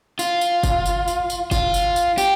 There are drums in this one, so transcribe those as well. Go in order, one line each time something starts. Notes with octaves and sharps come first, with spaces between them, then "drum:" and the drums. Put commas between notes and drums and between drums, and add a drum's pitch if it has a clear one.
F4, drum: tambourine
drum: tambourine
drum: kick, tambourine
drum: tambourine
drum: tambourine
drum: tambourine
F4, drum: kick, tambourine
drum: tambourine
drum: tambourine
G4, drum: tambourine